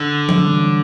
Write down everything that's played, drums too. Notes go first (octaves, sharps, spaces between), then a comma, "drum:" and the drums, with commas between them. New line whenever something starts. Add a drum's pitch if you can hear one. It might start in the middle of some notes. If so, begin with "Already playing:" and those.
Already playing: D3
F#3, drum: tom
G3
E3
F#3